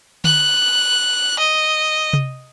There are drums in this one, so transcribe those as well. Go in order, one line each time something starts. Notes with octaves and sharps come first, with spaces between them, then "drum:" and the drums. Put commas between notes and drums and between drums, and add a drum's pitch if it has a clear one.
F#6, drum: tom D3
D#5
drum: tom C3